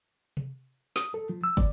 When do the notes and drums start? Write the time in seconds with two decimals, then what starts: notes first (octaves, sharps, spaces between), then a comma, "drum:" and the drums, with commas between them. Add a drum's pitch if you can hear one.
0.37 drum: tom C3
0.96 D#6, drum: snare
1.14 A4
1.29 F3
1.44 E6
1.57 D5, drum: kick